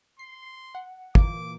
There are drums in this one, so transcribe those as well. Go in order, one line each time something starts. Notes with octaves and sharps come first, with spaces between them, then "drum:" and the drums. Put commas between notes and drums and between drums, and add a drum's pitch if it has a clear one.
C6 C7
F#5
A#2 E3 A#3 D6, drum: kick